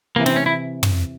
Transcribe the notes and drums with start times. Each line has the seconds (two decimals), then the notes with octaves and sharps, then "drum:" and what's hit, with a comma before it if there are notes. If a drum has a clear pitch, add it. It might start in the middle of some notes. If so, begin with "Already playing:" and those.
0.16 C3 E3 A#3
0.26 C4, drum: snare
0.36 C#4
0.46 E4
0.83 drum: tom